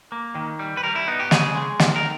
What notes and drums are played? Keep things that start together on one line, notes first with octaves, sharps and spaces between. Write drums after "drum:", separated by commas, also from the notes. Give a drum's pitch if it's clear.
A#3
D#3
G3
B4
G3 A#4
E4
B3 D#4
G4
C#3 G#4, drum: snare
G#3
D#3, drum: snare
A#4